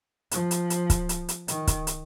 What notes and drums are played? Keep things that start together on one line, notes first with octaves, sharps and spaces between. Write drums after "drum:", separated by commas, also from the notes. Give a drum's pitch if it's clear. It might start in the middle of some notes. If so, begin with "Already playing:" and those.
F3, drum: hi-hat
drum: hi-hat
drum: hi-hat
drum: kick, hi-hat
drum: hi-hat
drum: hi-hat
D#3, drum: hi-hat
drum: kick, hi-hat
drum: hi-hat